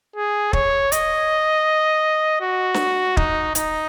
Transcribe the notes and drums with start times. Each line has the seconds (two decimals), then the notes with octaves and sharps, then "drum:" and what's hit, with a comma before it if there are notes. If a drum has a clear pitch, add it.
0.16 G#4
0.53 C#5, drum: kick
0.92 D#5, drum: hi-hat
2.41 F#4
2.74 drum: snare
3.17 D#4, drum: kick
3.55 D#4, drum: hi-hat